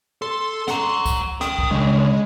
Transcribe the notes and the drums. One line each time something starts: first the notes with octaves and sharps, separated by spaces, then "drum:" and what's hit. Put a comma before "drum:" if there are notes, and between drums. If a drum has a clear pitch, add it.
A4 C6
F#5 A#5, drum: snare
drum: kick C#2, tambourine
A#4 G5 D#6, drum: snare
drum: kick C#2
C#3 G#3 D4